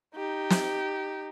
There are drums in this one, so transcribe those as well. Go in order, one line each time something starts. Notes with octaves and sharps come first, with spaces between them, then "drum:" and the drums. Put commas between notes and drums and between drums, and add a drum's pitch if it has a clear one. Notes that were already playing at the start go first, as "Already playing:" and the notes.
D#4 G4
drum: snare